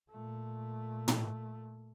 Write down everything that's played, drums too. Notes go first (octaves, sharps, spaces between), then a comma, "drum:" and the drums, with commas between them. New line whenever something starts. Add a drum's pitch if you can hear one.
A#2 A3
drum: tom